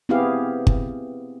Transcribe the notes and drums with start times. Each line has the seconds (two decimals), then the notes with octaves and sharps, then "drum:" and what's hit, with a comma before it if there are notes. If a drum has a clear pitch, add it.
0.09 B3 C4 E4 G4 G#4 F5
0.67 drum: kick G1